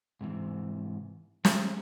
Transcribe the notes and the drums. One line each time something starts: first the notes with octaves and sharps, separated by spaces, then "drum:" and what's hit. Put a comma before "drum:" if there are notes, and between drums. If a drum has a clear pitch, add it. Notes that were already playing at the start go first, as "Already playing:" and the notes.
G#2 C3 E3
G#3 A#3 C#4 G4 G#4, drum: snare